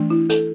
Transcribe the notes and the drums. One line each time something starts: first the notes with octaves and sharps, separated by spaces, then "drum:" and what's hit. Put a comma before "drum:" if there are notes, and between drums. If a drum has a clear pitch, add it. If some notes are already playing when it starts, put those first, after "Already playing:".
Already playing: E3 A3 D4
E4
A4, drum: hi-hat